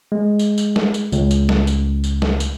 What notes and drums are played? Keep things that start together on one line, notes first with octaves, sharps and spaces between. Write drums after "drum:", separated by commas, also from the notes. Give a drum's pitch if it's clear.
G#3
drum: tambourine
drum: tambourine
drum: snare
drum: tambourine
C#2, drum: tambourine
drum: tambourine
drum: snare
drum: tambourine
drum: tambourine
drum: snare
drum: tambourine